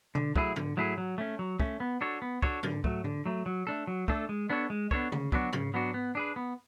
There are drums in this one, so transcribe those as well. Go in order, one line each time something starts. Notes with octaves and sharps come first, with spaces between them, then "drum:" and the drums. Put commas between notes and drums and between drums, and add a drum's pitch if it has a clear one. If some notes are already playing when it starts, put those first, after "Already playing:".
D3, drum: tom B2
F#3 A3 E4 G#4, drum: kick
D3, drum: tom
F#3 A3 E4 G#4
F#3
A3 C#4
F#3
A3 C#4, drum: kick
B3
D4 F#4 A4 C#5
B3
D4 F#4 A4 C#5, drum: kick
D3, drum: tom
F#3 A3, drum: kick
D3, drum: tom G#2
F#3 A3
F#3
A3 D4 A4
F#3
A3 D4 A4, drum: kick
G#3
B3 D4 A4 C#5
G#3
B3 D4 A4 C#5, drum: kick
C#3, drum: tom D3
F#3 B3 D4 F#4, drum: kick
C#3, drum: tom
F#3 B3 D4 F#4
B3
D4 G#4 B4
B3